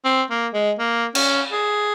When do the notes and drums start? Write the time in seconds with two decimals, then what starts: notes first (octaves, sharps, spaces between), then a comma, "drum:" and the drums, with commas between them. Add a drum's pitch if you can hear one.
0.05 C4
0.30 A#3
0.54 G#3
0.79 A#3
1.15 C#4, drum: cymbal
1.52 G#4